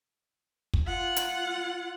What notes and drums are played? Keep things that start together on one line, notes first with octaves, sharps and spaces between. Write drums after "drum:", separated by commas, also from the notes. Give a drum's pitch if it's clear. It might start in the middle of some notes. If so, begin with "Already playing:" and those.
drum: kick
F4 F#5
drum: hi-hat